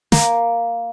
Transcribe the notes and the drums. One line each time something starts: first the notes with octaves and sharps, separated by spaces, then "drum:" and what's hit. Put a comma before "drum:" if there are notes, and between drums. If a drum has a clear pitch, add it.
A#3, drum: snare